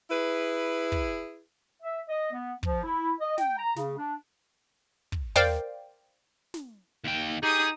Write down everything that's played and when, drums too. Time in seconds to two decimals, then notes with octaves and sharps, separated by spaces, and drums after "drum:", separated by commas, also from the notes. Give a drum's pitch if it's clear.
0.10 E4 G#4 B4
0.92 drum: kick
1.82 E5
2.09 D#5
2.32 B3
2.63 F3, drum: kick
2.84 E4
3.19 D#5
3.38 G5, drum: snare
3.57 A#5
3.76 C#3, drum: snare
3.97 D4
5.12 drum: kick
5.36 A#4 C5 D5 F5 G5, drum: tom
6.54 drum: snare
7.04 D#2 G5
7.43 D#4 G4 G#4 D#6